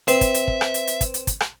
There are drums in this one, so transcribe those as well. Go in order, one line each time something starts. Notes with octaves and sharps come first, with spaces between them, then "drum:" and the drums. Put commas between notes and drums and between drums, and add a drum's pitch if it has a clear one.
C4 B4 E5, drum: hi-hat
drum: kick, hi-hat
drum: hi-hat
drum: kick
drum: rim click
drum: hi-hat
drum: hi-hat
drum: kick, hi-hat
drum: hi-hat
drum: kick, hi-hat
drum: rim click